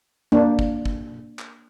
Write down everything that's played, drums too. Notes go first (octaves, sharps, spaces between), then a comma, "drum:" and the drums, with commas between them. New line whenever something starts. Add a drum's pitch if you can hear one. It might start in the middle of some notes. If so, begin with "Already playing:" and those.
A#3 D4, drum: tom F2
drum: kick
drum: kick
drum: clap